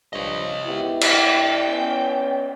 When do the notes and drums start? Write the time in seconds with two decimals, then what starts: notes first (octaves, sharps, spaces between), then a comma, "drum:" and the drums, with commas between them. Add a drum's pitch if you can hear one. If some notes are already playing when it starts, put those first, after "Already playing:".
0.13 G2 F3 C#5 D#5
0.67 G#1 B3 E4 G4
1.01 drum: cymbal
1.13 G2 G5
1.68 B3 C#4